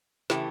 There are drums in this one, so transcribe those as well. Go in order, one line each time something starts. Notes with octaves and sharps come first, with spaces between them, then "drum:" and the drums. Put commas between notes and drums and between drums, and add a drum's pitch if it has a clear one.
C#3 E3 A3 E4 G4, drum: snare